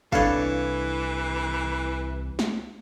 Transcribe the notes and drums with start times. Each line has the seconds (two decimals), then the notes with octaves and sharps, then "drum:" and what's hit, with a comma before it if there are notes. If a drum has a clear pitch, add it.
0.12 C2 E3 D4 A4 B4 C#5 F5, drum: kick
2.39 drum: snare